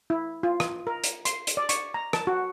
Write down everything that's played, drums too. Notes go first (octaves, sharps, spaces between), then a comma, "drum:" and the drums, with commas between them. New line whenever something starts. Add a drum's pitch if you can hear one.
E4
F4
drum: rim click
A#4
drum: hi-hat
C6, drum: hi-hat
drum: hi-hat
D5
C#6, drum: hi-hat
A#5
A5, drum: rim click
F#4